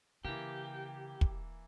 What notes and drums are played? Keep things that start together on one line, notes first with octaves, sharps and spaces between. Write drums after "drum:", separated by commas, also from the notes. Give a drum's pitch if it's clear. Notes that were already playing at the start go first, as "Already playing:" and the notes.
C#3 E3 A#3 G4
drum: kick